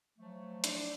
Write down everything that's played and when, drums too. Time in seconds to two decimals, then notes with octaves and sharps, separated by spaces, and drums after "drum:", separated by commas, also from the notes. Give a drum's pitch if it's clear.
0.19 F3 F#3 A3
0.64 D4, drum: hi-hat